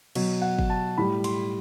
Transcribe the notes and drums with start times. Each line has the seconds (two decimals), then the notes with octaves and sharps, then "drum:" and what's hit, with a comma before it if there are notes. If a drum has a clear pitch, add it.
0.15 B2 F#3, drum: cymbal
0.42 F#5
0.59 drum: kick
0.70 A5
0.98 A2 G3 B5
1.24 C6, drum: cymbal